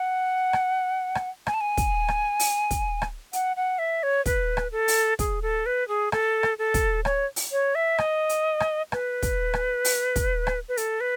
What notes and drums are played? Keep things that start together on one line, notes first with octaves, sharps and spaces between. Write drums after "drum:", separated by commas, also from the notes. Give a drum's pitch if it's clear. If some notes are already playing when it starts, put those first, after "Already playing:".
Already playing: F#5
drum: rim click
drum: rim click
G#5, drum: rim click
A5
G#5
drum: kick, hi-hat
drum: rim click
drum: open hi-hat
drum: kick, hi-hat
drum: rim click
F#5, drum: hi-hat
F#5
E5
C#5
B4, drum: kick, hi-hat
drum: rim click
A4
drum: open hi-hat
G#4, drum: kick, hi-hat
A4
B4
G#4
A4, drum: rim click
drum: rim click
A4
drum: kick, hi-hat
C#5, drum: rim click
drum: open hi-hat
C#5
E5
D#5, drum: rim click
drum: hi-hat
drum: rim click
B4, drum: rim click
drum: kick, hi-hat
drum: rim click
drum: open hi-hat
drum: kick, hi-hat
drum: rim click
B4
A4, drum: hi-hat
B4